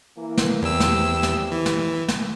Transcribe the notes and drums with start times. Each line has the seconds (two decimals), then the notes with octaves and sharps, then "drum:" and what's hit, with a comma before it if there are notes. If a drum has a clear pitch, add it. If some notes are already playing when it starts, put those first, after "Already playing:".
0.16 E3 A#3
0.38 drum: snare
0.62 E2 C3 G4 E6
0.80 drum: snare
1.23 drum: snare
1.52 E3
1.66 drum: snare
2.08 drum: snare